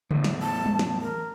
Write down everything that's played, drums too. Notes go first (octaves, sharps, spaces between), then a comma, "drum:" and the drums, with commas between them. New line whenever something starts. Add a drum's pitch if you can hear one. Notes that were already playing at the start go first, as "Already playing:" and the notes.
E2 A2, drum: tom C#3
drum: snare
A5
drum: tom G3
drum: snare
A#4